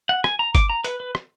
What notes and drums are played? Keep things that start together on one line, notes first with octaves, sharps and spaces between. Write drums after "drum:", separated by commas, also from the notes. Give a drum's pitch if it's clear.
F#5
G#5, drum: rim click
A#5
D6, drum: kick G1, hi-hat
A#5
B4, drum: hi-hat
B4
drum: rim click